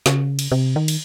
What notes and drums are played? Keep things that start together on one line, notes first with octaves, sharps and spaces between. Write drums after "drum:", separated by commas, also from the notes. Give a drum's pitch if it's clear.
C#3, drum: snare
drum: cymbal
C3
D#3
drum: cymbal